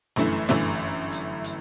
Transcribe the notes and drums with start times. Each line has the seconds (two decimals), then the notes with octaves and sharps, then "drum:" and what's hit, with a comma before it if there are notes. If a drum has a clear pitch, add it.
0.16 G1 F#2 E3 A3 E4, drum: hi-hat
0.49 G1 F#2 E3 A3 E4, drum: snare
1.12 drum: hi-hat
1.44 drum: hi-hat